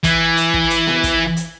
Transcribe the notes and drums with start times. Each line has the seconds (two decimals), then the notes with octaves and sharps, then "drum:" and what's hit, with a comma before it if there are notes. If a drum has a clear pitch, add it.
0.04 E3, drum: kick, hi-hat
0.37 drum: hi-hat
0.54 drum: kick
0.70 drum: hi-hat
0.87 drum: snare B3
1.03 drum: kick, hi-hat
1.37 drum: hi-hat